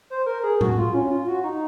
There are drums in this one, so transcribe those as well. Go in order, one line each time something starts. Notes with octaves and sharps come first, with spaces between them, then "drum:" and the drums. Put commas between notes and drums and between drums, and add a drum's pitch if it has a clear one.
C5
A#4
G#4
F#4, drum: tom A2
F4
C#4
F4
F#4
D#4